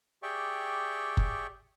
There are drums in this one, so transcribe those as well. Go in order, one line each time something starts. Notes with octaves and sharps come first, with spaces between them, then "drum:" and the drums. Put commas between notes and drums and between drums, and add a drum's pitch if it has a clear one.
G4 G#4 D5 E5 G5 C#6
drum: kick F#1